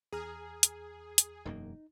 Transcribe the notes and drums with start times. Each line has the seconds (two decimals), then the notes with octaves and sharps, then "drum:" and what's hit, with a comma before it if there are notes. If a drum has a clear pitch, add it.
0.13 E2 G#4 A#5 F6
0.63 drum: hi-hat
1.18 drum: hi-hat
1.45 E1 F#2 A#3 D#4